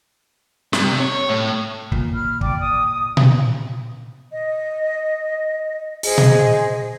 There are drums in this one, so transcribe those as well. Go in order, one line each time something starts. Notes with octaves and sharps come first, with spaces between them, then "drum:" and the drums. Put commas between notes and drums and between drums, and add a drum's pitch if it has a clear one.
G2, drum: snare
C3
C#5
A2
A#2, drum: kick
B5 F6
D5 G5 D6, drum: kick
D#6
drum: tom A#2
D#5
G#4 C5 D#5, drum: open hi-hat
drum: tom A#2